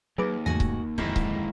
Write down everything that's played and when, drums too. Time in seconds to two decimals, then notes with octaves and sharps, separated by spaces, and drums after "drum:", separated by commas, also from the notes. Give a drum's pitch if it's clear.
0.18 D#2 F#3 A#3 G#4 B4 D6
0.46 E2 G#2 C#3 A3 F#4 G#5 A#6
0.60 drum: kick C#1
0.98 D1 F2 G#2 D#3 A#3 C4 E4
1.16 drum: kick C#1